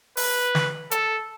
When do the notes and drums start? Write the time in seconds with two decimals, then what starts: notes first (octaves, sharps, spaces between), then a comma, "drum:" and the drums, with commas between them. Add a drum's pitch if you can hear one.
0.17 B4, drum: open hi-hat
0.55 drum: snare
0.91 A4, drum: hi-hat